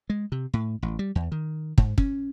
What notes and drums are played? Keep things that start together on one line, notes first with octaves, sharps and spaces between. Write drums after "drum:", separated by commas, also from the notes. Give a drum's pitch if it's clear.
G#3
C3
A2
A1
G3
E2
D#3
G#2, drum: kick
C#4, drum: kick